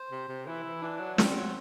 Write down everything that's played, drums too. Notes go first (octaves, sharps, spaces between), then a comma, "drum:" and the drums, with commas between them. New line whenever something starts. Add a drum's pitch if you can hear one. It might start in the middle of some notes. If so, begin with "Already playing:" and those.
Already playing: C5
C3
C3
E3 E4
E3
E3 D4
F#3
G3 C4, drum: snare
F#3